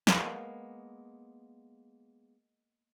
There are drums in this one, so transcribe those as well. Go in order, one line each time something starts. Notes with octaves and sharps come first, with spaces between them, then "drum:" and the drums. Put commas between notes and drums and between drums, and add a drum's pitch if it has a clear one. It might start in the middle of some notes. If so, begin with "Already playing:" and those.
G#3 A#3 B3, drum: snare